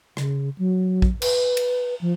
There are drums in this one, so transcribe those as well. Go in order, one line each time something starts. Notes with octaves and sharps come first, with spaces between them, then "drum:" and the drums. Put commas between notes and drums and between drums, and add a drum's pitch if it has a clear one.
C#3, drum: rim click
F#3
drum: kick A#1
B4, drum: cymbal
drum: cymbal
F3